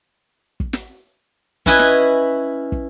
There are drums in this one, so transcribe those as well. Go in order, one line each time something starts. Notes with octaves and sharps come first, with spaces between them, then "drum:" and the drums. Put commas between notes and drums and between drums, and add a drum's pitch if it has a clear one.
drum: kick
drum: snare
C#4 E4 B4 D#5 G#5 B5, drum: kick
drum: snare
drum: kick